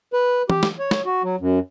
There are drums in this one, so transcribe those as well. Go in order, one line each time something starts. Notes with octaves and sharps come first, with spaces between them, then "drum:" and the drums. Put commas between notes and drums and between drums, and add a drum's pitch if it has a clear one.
B4
G4, drum: tom E3
drum: snare
C#5
drum: snare
F#4
F#3
F#2